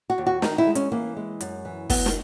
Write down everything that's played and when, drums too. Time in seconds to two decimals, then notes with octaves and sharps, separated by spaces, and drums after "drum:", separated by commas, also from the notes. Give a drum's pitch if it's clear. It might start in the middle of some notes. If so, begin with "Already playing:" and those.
0.10 F#4
0.18 D#2
0.27 F#4
0.42 D#3 D#4, drum: snare
0.58 E4
0.67 G#3
0.75 C#4, drum: hi-hat
0.92 E3 A#3
1.17 G#3
1.41 F#2, drum: hi-hat
1.65 E3
1.90 F#2 B3, drum: kick, open hi-hat
2.06 drum: snare